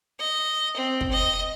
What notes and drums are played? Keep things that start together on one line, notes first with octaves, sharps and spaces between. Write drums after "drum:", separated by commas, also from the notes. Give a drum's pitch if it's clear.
D#5
C4
drum: kick
D#5